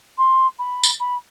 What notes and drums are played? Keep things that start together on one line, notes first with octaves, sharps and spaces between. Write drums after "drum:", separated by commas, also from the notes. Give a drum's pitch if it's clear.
C6
B5
drum: tambourine
B5